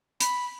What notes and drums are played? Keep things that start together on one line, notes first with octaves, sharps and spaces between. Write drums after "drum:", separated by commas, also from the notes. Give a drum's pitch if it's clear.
B5, drum: hi-hat